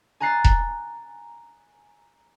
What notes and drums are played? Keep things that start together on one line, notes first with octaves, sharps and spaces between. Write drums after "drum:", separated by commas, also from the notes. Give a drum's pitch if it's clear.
G#5 A#5 F#6 A6 C7
drum: kick E1